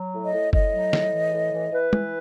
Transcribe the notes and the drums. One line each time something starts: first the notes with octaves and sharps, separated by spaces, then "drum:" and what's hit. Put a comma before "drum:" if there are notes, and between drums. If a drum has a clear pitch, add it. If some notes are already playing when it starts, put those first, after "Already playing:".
Already playing: F#3
A2
D#5
A2
A2 D#5, drum: kick F#1
F#3
A2, drum: snare
E3
A2
E3
E3 B4
E3, drum: tom